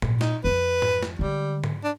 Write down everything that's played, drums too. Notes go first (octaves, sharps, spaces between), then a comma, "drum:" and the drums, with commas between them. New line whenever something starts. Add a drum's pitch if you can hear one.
A#2, drum: tom G#2
D#4, drum: snare
F2 F3 B4
drum: tom G#2
drum: snare
D3 G3 G#3
drum: tom G#2
D4